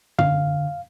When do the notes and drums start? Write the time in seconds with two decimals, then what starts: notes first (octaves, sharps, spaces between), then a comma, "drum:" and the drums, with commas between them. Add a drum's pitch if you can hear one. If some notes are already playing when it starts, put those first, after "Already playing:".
0.19 D3 F5, drum: tom